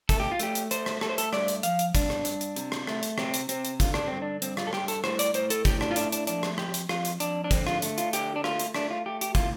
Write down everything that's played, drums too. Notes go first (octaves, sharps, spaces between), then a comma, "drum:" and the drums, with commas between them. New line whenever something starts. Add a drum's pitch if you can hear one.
A3 A4, drum: kick, hi-hat
G4
F4
A3 G4, drum: hi-hat
drum: hi-hat
A3 C5, drum: hi-hat
drum: rim click
A3 A4, drum: rim click
C5
A4, drum: hi-hat
G2 D5, drum: rim click
drum: hi-hat
F3 F5, drum: hi-hat
drum: hi-hat
G2 D4, drum: kick, hi-hat
drum: rim click
G2, drum: hi-hat
drum: hi-hat
C3, drum: hi-hat
drum: rim click
A3, drum: rim click
drum: hi-hat
C3 C4, drum: rim click
drum: hi-hat
C3 C4, drum: hi-hat
drum: hi-hat
D3 F4, drum: kick, hi-hat
D4, drum: rim click
G2 C4
D4
G2 C4, drum: hi-hat
F4, drum: rim click
A4
G2 G4, drum: rim click
A4, drum: hi-hat
A2 C5, drum: rim click
D5, drum: hi-hat
A2 C5, drum: hi-hat
A4, drum: hi-hat
A2 G4, drum: kick, hi-hat
D4, drum: rim click
F4
A3 D4, drum: hi-hat
D4, drum: hi-hat
F2 D4, drum: hi-hat
drum: rim click
F2 G4, drum: rim click
drum: hi-hat
F2 F4, drum: rim click
drum: hi-hat
F2 D4, drum: hi-hat
D4
D3 C4, drum: kick, hi-hat
F4, drum: rim click
A3, drum: hi-hat
F4, drum: hi-hat
D3 G4, drum: hi-hat
D4
A3 F4, drum: rim click
drum: hi-hat
A3 D4, drum: rim click
F4
A3 G4
G4, drum: hi-hat
A2 F4, drum: kick, hi-hat